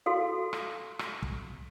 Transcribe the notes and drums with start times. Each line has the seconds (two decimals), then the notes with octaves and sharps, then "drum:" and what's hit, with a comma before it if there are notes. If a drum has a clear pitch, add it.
0.06 F#4 A4 F5
0.53 drum: rim click
0.99 drum: rim click
1.23 drum: kick